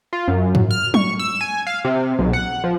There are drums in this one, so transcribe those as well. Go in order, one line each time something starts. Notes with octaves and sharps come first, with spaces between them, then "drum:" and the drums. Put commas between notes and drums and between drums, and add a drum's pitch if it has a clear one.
F4
F#2
drum: tom G#2
F6
C#6, drum: tom F#3
E6
G#5
F5
C3
B1
F#5
F3